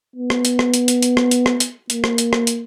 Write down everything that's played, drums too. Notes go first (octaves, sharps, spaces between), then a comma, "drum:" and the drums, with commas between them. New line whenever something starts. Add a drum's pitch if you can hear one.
B3
drum: rim click
drum: hi-hat
drum: rim click
drum: hi-hat
drum: hi-hat
drum: hi-hat
drum: rim click
drum: hi-hat
drum: rim click
drum: hi-hat
A#3, drum: hi-hat
drum: rim click
drum: hi-hat
drum: rim click
drum: hi-hat